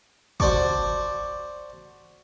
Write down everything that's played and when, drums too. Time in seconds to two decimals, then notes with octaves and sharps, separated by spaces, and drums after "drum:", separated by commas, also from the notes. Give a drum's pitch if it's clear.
0.40 F#4 C5 D5 A5 C#6 D6, drum: kick